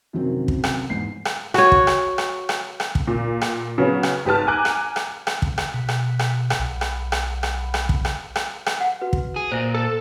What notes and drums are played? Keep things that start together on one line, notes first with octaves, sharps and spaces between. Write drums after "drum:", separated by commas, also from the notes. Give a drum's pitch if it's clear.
F#2 C3 D#3 F#3 C4
drum: kick
drum: rim click
E2 G#2 C7
drum: rim click
F#4 C#5, drum: rim click
drum: kick
drum: rim click
drum: rim click
drum: rim click
drum: rim click
drum: kick
A#2
drum: rim click
C#3 F#3 B3 C#4
drum: rim click
G#1 G4 B4 A5 F6
G#5 A#5 D6 F#6
drum: rim click
drum: rim click
drum: rim click
drum: kick
drum: rim click
B2
drum: rim click
drum: rim click
drum: rim click
B1
drum: rim click
drum: rim click
drum: rim click
drum: rim click
drum: kick
drum: rim click
drum: rim click
drum: rim click
F5 F#5
F#4 B4
drum: kick
G#4
A#2 C5 E5
A4